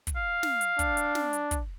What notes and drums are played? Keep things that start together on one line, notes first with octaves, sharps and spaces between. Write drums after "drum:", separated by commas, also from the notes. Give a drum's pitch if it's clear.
drum: kick, hi-hat
F5
drum: snare
drum: hi-hat
D4, drum: kick, hi-hat
drum: hi-hat
drum: snare
drum: hi-hat
drum: kick, hi-hat